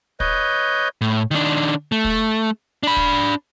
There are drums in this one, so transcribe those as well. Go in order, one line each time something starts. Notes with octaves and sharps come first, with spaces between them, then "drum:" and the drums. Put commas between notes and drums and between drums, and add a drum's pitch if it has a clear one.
B4 C#5 D#5 G6, drum: kick
A2
D#3 D4
A3
drum: kick
D4 B5
drum: kick